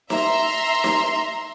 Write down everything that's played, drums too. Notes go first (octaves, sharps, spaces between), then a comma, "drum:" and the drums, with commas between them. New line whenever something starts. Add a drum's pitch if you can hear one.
E5 A#5 C6, drum: snare D#4
drum: snare D#4